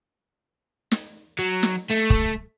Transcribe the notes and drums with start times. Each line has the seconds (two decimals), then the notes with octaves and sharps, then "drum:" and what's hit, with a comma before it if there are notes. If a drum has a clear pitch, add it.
0.91 drum: snare
1.39 F#3
1.63 drum: snare
1.91 A3
2.10 drum: kick